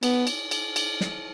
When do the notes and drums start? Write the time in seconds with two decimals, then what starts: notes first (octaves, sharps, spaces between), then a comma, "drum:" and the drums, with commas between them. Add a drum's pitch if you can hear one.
0.03 B3, drum: cymbal
0.27 drum: cymbal
0.51 drum: cymbal
0.76 drum: cymbal
1.01 drum: snare